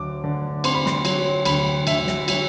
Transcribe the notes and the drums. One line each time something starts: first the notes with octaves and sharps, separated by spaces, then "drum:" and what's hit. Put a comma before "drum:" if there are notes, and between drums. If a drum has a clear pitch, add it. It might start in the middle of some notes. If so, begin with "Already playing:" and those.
Already playing: D2 F#3 D6
D3
C4 C6, drum: cymbal
B5
C6, drum: snare
F#3, drum: cymbal
D2 B5, drum: cymbal
D2 E5, drum: cymbal
drum: snare
F#3, drum: cymbal